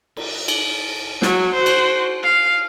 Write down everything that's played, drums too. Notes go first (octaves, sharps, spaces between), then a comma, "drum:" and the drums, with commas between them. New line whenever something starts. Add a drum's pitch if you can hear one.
drum: cymbal
drum: cymbal
F#3, drum: snare
F#4 C5
drum: cymbal
F5